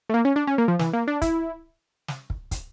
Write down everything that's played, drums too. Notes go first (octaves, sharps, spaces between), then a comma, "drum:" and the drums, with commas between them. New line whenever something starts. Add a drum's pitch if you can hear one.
A3
A#3
C#4
D4
C#4
A#3
F3
E3, drum: snare
A#3
D4
E4, drum: kick, hi-hat
drum: snare
drum: kick
drum: kick, hi-hat